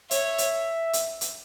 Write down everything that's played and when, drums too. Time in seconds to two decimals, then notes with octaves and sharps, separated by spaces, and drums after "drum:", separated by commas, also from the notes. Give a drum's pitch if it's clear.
0.11 C#5 E5, drum: hi-hat
0.38 drum: hi-hat
0.93 drum: hi-hat
1.21 drum: hi-hat